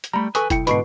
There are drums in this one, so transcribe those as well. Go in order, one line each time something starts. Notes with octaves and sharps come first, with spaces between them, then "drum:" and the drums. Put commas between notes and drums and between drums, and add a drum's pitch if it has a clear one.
drum: hi-hat
G3 A3 A#5 B5
A4 B4 G#5 C#6 D#6, drum: hi-hat
B1 E4 G5 C#7, drum: kick F1, hi-hat
G#2 B2 D3 B5 C#6 C7, drum: hi-hat